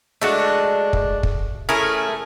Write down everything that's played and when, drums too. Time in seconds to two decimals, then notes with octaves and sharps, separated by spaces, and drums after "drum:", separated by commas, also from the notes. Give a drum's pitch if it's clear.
0.22 G#3 A3 D4 F#4
0.93 drum: kick
1.23 drum: kick
1.69 A3 C#4 E4 G#4 A#4